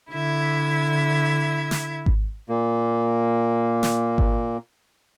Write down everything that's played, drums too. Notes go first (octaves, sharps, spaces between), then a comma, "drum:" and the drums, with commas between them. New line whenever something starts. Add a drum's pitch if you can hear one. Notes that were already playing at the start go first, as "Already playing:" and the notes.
D3 E4 E5 G#6
drum: snare
drum: kick G#1
A#2 A#3
drum: snare
drum: kick G#1